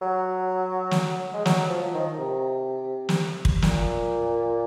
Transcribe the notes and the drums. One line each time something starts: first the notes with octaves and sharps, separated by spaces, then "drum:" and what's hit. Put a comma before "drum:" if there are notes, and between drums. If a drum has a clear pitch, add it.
F#3
drum: snare
G#3
F#3, drum: snare
F3
F3
D#3
C3
drum: snare
drum: kick
A#2, drum: snare